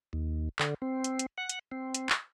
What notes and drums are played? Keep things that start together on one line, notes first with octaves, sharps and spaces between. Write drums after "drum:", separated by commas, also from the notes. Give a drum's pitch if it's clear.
D#2
D3, drum: clap
C4
drum: hi-hat
drum: hi-hat
F#5
drum: hi-hat
C4
drum: hi-hat
drum: clap